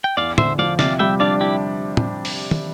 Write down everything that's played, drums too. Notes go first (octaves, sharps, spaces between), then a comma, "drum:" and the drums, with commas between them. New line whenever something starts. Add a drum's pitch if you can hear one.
G5
E2 D5 F5
D3 C5 E5, drum: tom
F3 D5 F5
C3 D5 F5, drum: snare
G3 E5 G5
D4 D5 F5
E4 G4
drum: tom
drum: open hi-hat
drum: tom